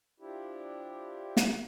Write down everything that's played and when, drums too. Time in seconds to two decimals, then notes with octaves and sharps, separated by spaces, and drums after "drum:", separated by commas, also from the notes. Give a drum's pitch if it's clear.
0.20 F3 D4 E4 G4
1.37 drum: snare